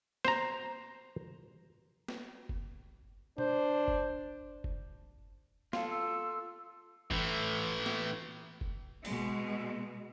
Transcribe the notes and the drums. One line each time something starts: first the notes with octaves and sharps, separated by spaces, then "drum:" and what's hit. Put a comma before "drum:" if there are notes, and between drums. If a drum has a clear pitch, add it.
C5 A#5, drum: snare
drum: snare
drum: kick F#1
D4 C5, drum: tom B2
drum: kick F#1
drum: kick F#1
F4 A4 F5, drum: snare
E6
A2 E3, drum: kick F#1
drum: snare
drum: kick F#1
B2 G#3, drum: open hi-hat